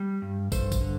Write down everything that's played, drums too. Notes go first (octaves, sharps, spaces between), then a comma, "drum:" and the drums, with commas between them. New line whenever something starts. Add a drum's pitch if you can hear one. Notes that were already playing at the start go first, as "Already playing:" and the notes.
Already playing: G3
G2
G2 A4 C5, drum: kick, tambourine
drum: kick, tambourine
D3